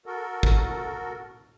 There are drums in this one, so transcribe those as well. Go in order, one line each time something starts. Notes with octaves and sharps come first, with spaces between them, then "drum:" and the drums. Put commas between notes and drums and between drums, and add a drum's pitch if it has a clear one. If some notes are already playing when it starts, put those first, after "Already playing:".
F#4 A4 A#4
drum: kick